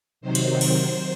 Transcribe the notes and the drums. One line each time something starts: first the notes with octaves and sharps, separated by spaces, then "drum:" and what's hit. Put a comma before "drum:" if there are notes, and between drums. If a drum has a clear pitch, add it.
C3 D#3 F#3 C5
drum: cymbal
drum: cymbal